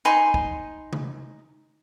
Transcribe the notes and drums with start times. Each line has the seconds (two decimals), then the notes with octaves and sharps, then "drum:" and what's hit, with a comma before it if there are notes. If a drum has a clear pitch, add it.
0.05 D#4 G#5 B5 C6
0.34 drum: kick
0.93 drum: tom C3